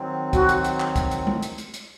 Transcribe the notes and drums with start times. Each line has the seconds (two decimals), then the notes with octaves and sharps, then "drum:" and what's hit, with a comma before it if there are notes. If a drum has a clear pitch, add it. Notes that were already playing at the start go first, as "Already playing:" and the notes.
Already playing: D#3 F#3 C4
0.33 F#4, drum: kick, hi-hat
0.49 drum: hi-hat
0.64 drum: hi-hat
0.80 drum: clap
0.96 drum: kick, hi-hat
1.11 drum: hi-hat
1.27 drum: tom
1.43 drum: hi-hat
1.58 drum: hi-hat
1.74 drum: hi-hat